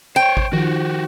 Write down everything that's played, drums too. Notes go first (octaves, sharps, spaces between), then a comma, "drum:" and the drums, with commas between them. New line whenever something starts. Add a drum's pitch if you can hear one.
C5 C#5 G5
drum: kick G#1
D#3 F3 F#4 G4